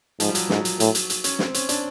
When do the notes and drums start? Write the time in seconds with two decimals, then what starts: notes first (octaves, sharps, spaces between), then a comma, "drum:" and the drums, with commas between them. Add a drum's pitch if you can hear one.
0.20 G#2 F3, drum: hi-hat
0.29 G3
0.35 F#3, drum: hi-hat
0.50 G#2 F#3, drum: snare
0.65 drum: hi-hat
0.80 A2, drum: hi-hat
0.95 drum: hi-hat
1.10 drum: hi-hat
1.24 C#4, drum: hi-hat
1.39 C4, drum: snare
1.54 C#4, drum: hi-hat
1.69 D4, drum: hi-hat